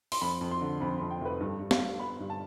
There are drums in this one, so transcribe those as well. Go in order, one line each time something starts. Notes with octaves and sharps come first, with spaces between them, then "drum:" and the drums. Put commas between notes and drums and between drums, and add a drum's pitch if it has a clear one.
C6, drum: open hi-hat
F2 B5
F2
C6
D3
F2 B5
B5
F2
G5
F1 B4
G2 A4
G2
F5, drum: snare
G2
B3 B5
G2
A5